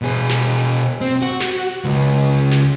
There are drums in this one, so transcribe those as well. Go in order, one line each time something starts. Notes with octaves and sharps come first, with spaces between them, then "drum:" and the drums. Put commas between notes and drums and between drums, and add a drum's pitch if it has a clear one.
B2 G#4
drum: hi-hat
drum: snare
drum: hi-hat
drum: hi-hat
C4, drum: open hi-hat
F#4
drum: snare
drum: hi-hat
C#2, drum: hi-hat
drum: open hi-hat
drum: hi-hat
drum: snare